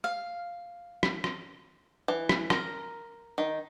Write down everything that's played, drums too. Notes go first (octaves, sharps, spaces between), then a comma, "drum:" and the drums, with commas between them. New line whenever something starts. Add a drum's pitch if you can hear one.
F5
drum: rim click
drum: rim click
E3
drum: rim click
A#4, drum: rim click
D#3